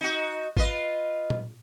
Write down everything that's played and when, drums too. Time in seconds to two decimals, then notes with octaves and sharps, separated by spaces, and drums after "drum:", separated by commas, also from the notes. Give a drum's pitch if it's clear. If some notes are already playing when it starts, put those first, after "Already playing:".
0.01 D#4 F#4
0.57 F4 B4 D#5, drum: kick G#1
1.30 drum: tom A#2